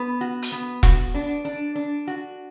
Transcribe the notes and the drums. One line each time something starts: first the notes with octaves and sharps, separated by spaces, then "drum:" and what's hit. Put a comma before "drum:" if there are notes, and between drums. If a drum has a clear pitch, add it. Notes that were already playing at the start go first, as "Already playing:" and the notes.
Already playing: B3
F#4
drum: hi-hat
B3
F#4, drum: kick E1
D4
D4
D4
F#4